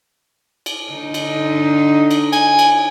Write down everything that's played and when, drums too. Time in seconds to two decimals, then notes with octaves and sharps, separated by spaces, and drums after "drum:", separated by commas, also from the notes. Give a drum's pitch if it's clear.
0.66 drum: cymbal
0.90 D3 D#4
1.14 drum: cymbal
2.11 drum: cymbal
2.33 G#5, drum: cymbal
2.59 drum: cymbal